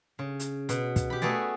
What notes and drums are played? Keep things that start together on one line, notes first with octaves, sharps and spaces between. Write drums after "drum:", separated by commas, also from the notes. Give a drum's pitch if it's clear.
C#3
drum: hi-hat
B2, drum: hi-hat
drum: kick, hi-hat
G4 B5
A3 B3 F#4 G#4 D5